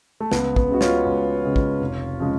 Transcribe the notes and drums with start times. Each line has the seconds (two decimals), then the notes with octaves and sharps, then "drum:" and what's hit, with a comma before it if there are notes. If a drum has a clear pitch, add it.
0.20 A3
0.32 C#2 B3, drum: snare
0.56 B3, drum: kick
0.69 C#3 G#3 F#4
0.81 C#4 F4, drum: snare
1.06 C#2
1.44 C#3 G#3
1.56 drum: kick
1.80 F1
2.20 C#3 F3 G#3